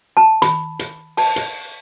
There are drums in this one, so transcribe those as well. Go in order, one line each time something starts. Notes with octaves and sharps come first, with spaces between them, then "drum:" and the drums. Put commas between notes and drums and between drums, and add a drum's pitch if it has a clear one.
A5
B5, drum: hi-hat
drum: hi-hat
A5, drum: open hi-hat
drum: hi-hat